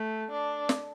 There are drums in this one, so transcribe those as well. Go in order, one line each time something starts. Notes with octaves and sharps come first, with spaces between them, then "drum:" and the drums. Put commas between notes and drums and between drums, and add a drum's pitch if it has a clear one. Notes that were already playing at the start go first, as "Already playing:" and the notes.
Already playing: A3
D4
drum: snare